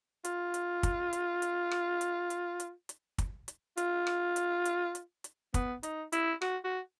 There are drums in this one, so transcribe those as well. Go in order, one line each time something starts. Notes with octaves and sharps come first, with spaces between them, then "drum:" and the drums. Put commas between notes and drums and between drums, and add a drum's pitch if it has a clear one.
F4, drum: hi-hat
drum: hi-hat
drum: kick, hi-hat
drum: hi-hat
drum: hi-hat
drum: rim click
drum: hi-hat
drum: hi-hat
drum: hi-hat
drum: hi-hat
drum: kick, hi-hat
drum: hi-hat
F4, drum: hi-hat
drum: rim click
drum: hi-hat
drum: hi-hat
drum: hi-hat
drum: hi-hat
B3, drum: kick, hi-hat
D#4, drum: hi-hat
E4, drum: hi-hat
F#4, drum: rim click
F#4